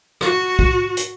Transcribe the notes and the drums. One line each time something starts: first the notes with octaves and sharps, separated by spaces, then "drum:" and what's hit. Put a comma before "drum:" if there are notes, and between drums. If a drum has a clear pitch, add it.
F#4, drum: rim click
drum: kick
drum: hi-hat